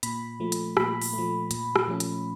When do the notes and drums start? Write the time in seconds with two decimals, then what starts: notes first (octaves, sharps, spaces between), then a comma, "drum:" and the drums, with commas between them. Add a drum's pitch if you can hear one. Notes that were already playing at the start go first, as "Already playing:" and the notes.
0.03 A#2 B5, drum: hi-hat
0.40 F3 A3
0.52 drum: hi-hat
0.77 A#2 B5, drum: rim click
1.02 drum: open hi-hat
1.13 A3
1.18 F3
1.51 A#2, drum: hi-hat
1.76 drum: rim click
1.88 F3 A3 C#4
2.00 drum: hi-hat